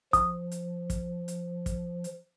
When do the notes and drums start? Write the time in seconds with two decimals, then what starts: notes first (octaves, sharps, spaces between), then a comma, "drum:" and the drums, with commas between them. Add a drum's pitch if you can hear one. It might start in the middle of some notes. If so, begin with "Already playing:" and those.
0.13 F3 D#6, drum: kick, hi-hat
0.52 drum: hi-hat
0.90 drum: kick, hi-hat
1.28 drum: hi-hat
1.66 drum: kick, hi-hat
2.04 drum: hi-hat